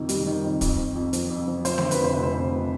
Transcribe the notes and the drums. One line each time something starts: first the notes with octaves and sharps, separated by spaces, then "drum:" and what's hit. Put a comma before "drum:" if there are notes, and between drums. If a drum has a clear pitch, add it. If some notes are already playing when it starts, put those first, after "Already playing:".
Already playing: F2 C3 D#3
G3, drum: hi-hat
D#3
F2
F2, drum: kick, hi-hat
F2
F2
F3, drum: hi-hat
F2
F3
F3 C5, drum: hi-hat
C5, drum: snare
D3
B4, drum: hi-hat
F1 C5
F1 B4
C5
F2
F1